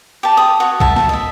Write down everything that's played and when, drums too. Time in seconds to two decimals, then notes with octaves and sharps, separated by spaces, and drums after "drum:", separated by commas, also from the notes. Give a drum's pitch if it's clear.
0.23 G4 A5
0.37 D#6
0.60 F#4 C#5
0.80 E5 A5, drum: kick A#1
0.96 drum: snare
1.09 D#5 E5